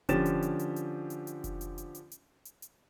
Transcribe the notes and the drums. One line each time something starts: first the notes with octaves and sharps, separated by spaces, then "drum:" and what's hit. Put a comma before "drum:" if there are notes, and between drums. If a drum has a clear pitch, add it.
D3 F3 C#4 G4 A6 E7, drum: kick F1, hi-hat
drum: hi-hat
drum: hi-hat
drum: hi-hat
drum: hi-hat
drum: hi-hat
drum: hi-hat
drum: kick F1, hi-hat
drum: hi-hat
drum: hi-hat
drum: hi-hat
drum: hi-hat
drum: hi-hat
drum: hi-hat